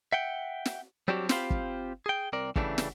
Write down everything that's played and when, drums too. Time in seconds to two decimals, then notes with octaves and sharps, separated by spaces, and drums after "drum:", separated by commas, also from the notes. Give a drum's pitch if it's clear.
0.13 E5 F#5 G5
0.65 drum: snare
1.08 F#3 G3 C4 D4 F#4 G4
1.29 C4 F4 G4 C5 F5 B5, drum: snare
1.50 drum: kick
2.06 G#4 G5
2.33 C2 C4 A#4 D5
2.56 C#3 E3 G3 A3 D4, drum: kick
2.78 drum: snare